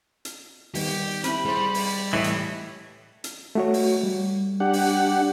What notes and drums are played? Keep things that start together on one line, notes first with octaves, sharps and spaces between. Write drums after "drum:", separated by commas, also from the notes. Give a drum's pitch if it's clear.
drum: hi-hat
D#3 G3 B3 G4, drum: open hi-hat
C4 E4 B5, drum: hi-hat
G3 G#4 C5
drum: open hi-hat
A2 E3 D#5
drum: hi-hat
drum: hi-hat
A3 F#4 C#5
drum: open hi-hat
G3
D4 G4 F#5
drum: open hi-hat